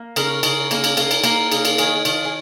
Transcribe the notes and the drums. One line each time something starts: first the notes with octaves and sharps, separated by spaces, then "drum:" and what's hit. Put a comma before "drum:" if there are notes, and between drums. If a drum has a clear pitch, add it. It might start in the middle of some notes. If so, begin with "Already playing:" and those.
Already playing: A#3
C#3 A#4, drum: cymbal
C#3, drum: cymbal
A#3, drum: cymbal
drum: cymbal
A#3, drum: cymbal
drum: cymbal
A#3 A#4, drum: cymbal
C#3, drum: cymbal
drum: cymbal
D#3 G#4, drum: cymbal
D#3 F4, drum: cymbal
G#4